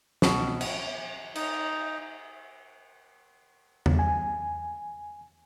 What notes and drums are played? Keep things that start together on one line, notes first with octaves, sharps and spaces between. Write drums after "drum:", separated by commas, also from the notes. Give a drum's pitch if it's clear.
B2, drum: snare
drum: cymbal
D#4, drum: cymbal
drum: tom E2
G#5